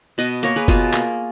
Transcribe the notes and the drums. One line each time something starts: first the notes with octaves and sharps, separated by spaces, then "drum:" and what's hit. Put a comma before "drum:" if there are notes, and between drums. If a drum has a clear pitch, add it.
B2 B4 D#5
A#3 A#4 C#5, drum: hi-hat
G#4 B4
B2 F4 G#4, drum: kick F#1, hi-hat
A#3, drum: clap